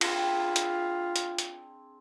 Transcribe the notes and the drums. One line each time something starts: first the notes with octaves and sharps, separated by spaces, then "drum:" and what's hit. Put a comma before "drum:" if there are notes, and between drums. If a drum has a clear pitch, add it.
C4 D4 F4 G#4, drum: cymbal
drum: hi-hat
drum: hi-hat
drum: hi-hat